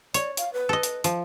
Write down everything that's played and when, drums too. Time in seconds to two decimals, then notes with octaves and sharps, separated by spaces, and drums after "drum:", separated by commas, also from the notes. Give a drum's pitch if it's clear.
0.14 C#5 D5, drum: hi-hat
0.37 F5, drum: hi-hat
0.53 B4
0.69 A4 D#5
0.83 drum: hi-hat
1.04 F3, drum: hi-hat